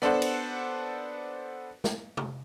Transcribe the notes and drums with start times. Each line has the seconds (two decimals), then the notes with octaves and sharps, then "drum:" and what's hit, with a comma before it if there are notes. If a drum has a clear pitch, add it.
0.02 B3 D4 A4 C5 F#5, drum: rim click
0.22 drum: cymbal
1.84 drum: snare
2.17 drum: tom